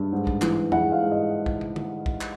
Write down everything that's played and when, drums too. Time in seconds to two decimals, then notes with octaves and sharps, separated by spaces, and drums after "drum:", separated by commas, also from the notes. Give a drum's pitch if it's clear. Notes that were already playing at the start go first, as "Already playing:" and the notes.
Already playing: G2
0.12 G#2
0.27 drum: kick
0.41 E3, drum: clap
0.72 E3 F#5, drum: tom
0.92 F5
1.02 G#2
1.11 D#5
1.46 drum: kick
1.61 drum: tom
1.76 drum: tom
2.06 drum: kick
2.21 drum: clap